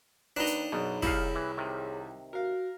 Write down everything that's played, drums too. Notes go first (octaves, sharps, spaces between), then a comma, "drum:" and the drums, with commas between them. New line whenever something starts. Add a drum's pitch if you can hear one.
D#2 D4 D#4 B4 A#5
drum: hi-hat
B1 F#2 B2 G#4 C#5
C2 G3 D#4 E4 F5, drum: kick
E3
C3 D#3
F#4 A#4 F5